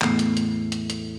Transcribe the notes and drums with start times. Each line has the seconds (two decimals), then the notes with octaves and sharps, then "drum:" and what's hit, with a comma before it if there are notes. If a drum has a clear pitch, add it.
0.01 E2 A2 C7, drum: clap
0.19 drum: hi-hat
0.37 drum: hi-hat
0.72 drum: hi-hat
0.90 drum: hi-hat